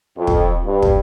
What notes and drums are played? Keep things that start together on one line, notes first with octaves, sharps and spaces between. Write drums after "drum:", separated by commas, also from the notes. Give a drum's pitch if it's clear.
F2
drum: kick
G2
drum: kick